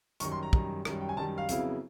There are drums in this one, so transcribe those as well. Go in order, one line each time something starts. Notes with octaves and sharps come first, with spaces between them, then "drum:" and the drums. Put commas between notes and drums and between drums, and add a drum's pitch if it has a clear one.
F#2 D#3 G3 C#6, drum: hi-hat
C6
A#5
F#2 D#3 G3, drum: kick
F#2 D#3 G3, drum: rim click
G5
G#5
F#2 D#3 G3 A5
F5
F2 C#3 F#3 B3 E4, drum: hi-hat